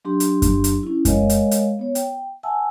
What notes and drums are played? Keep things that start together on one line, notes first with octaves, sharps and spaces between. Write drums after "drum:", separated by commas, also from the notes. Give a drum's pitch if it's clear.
F#3 D4 G4 C6
drum: hi-hat
drum: kick F#2, hi-hat
drum: hi-hat
C#4 E4
G#3 A#4 C#5 D#5 F5, drum: kick F#2, hi-hat
drum: hi-hat
drum: hi-hat
B3 C#5
G5, drum: hi-hat
E5 F#5 G#5 A5 E6